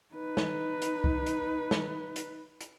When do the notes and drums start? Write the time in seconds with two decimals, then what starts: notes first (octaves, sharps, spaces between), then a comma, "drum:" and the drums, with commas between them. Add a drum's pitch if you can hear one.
0.15 D#4 B4
0.37 drum: snare
0.82 drum: hi-hat
1.04 drum: kick C2
1.26 drum: hi-hat
1.71 drum: snare
2.16 drum: hi-hat
2.61 drum: hi-hat